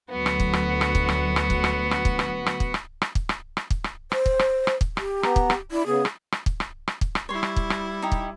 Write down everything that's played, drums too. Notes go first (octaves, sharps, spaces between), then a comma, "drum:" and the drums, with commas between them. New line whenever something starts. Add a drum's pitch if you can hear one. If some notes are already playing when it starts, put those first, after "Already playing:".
D2 F#3 B3 F#4
drum: rim click
drum: kick
drum: rim click
drum: rim click
drum: kick
drum: rim click
drum: rim click
drum: kick
drum: rim click
drum: rim click
drum: kick
drum: rim click
drum: rim click
drum: kick
drum: rim click
drum: rim click
drum: kick
drum: rim click
drum: rim click
drum: kick
drum: rim click
C5, drum: rim click
drum: kick
drum: rim click
drum: rim click
drum: kick
G4, drum: rim click
B3 A#5, drum: rim click
drum: kick
drum: rim click
D4 E4
C#3 B3 G#4
drum: rim click
drum: rim click
drum: kick
drum: rim click
drum: rim click
drum: kick
drum: rim click
G3 E4 C#5 C6
drum: rim click
drum: kick
drum: rim click
D#4 G4
drum: kick